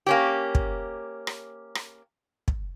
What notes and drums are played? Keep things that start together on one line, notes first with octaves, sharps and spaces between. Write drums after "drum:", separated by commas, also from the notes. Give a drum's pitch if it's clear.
A#3 C#4 G4
drum: kick
drum: rim click
drum: rim click
drum: kick